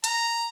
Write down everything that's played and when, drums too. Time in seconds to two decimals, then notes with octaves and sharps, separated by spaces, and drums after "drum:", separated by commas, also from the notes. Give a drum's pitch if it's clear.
0.04 A#5, drum: hi-hat